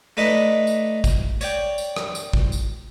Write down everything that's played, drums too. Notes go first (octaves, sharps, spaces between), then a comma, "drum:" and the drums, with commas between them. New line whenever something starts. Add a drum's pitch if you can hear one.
A3 D#4 B4 D5 D#5 A5
drum: tambourine
drum: kick, tambourine
C#5 D5 G5, drum: tambourine
drum: tambourine
drum: rim click
drum: tambourine
drum: kick
drum: tambourine